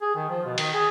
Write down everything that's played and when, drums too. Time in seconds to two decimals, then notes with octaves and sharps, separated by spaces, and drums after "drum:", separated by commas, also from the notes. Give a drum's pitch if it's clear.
0.02 G#4
0.15 D#3
0.29 F3
0.45 B2
0.58 D#3, drum: cymbal
0.74 G#4